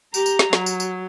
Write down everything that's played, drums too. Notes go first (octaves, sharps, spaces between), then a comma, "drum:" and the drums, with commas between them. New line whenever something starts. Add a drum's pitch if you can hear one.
G4 A#5, drum: tambourine
drum: tambourine
drum: snare
F#3, drum: snare
drum: tambourine
drum: tambourine